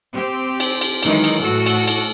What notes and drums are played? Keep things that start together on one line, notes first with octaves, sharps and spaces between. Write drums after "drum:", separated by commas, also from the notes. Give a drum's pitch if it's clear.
C4 G4
drum: cymbal
drum: cymbal
D#3 E3 F#3 G#3 D#4, drum: cymbal
drum: cymbal
A2 F#4 A4
drum: cymbal
drum: cymbal